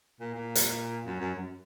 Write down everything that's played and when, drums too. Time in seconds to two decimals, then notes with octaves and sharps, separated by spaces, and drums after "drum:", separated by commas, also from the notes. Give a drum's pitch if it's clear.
0.20 A#2
0.34 A#2
0.55 drum: hi-hat
1.06 F#2
1.20 F#2
1.34 F#2